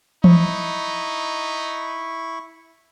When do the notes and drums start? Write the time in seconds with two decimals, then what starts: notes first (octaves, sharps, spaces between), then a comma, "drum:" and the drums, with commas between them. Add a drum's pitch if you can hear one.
0.24 D#4 E4 B5 C#6, drum: tom E3